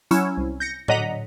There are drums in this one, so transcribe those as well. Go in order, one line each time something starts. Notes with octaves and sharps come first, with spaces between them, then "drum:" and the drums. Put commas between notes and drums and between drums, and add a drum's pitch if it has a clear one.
F#3 C#4 E4, drum: hi-hat
C2
G6 A#6 C#7
D3 F#3 D#5 F#5 A#5 B6, drum: tom A2